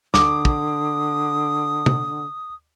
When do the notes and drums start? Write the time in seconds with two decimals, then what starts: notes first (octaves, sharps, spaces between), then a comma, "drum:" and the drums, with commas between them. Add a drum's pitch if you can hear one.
0.14 D3 D6 D#6, drum: snare
0.45 drum: kick
1.86 drum: tom